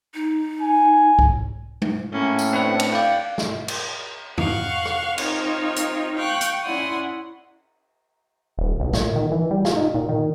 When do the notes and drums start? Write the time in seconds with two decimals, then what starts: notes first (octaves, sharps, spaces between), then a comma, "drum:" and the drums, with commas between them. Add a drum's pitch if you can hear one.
0.14 D#4
0.61 G#5
1.19 drum: kick C2
1.82 drum: tom G#3
2.13 A2 A#3 C#4
2.39 drum: tambourine
2.53 C4 D4 B4 F#5
2.80 drum: cymbal
2.92 D5 F5 G5
3.38 drum: snare
3.68 drum: cymbal
4.38 F5 F#5 C#6 F#6, drum: tom E2
4.85 drum: rim click
5.18 C4 D#4 F4 C#5, drum: cymbal
5.76 drum: hi-hat
6.17 F5 G5 C#6 F#6
6.41 drum: hi-hat
6.64 C#4 E4 D5 F#5 C6 D#6
8.57 D#1
8.80 B1
8.93 A#2, drum: snare
9.16 D#3
9.32 E3
9.51 G3
9.65 F4, drum: snare
9.76 D#4
9.94 A#2
10.09 D#3